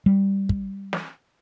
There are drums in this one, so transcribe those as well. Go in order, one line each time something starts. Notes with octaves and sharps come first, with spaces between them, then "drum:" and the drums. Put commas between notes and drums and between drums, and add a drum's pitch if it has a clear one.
G3
drum: kick
drum: snare